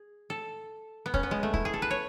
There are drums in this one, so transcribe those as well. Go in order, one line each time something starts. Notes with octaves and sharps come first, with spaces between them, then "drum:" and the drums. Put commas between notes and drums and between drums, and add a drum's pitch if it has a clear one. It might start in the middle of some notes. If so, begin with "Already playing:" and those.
Already playing: G#4
A4
B3
C#4, drum: kick
B3
G#3
A3
E4, drum: kick
G#4
A4
B4
C#5